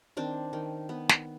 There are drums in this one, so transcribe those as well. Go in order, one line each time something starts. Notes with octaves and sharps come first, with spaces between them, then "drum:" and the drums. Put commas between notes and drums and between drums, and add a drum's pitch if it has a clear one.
D#3 C4 D4
D#3
B3
drum: snare